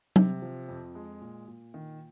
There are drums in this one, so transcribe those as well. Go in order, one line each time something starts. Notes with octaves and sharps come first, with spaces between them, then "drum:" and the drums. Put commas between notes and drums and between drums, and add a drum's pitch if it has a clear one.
C3, drum: tom F#3
F3
F2
G#3
A#2
A#2
D#3